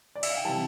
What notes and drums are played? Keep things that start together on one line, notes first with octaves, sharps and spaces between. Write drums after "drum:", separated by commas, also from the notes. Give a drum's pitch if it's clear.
D5
E5, drum: cymbal
F5
G5
C3 E3 G3 A5